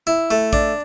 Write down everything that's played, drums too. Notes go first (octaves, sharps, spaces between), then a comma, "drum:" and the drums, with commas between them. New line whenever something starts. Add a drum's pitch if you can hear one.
E4
A3
D4, drum: kick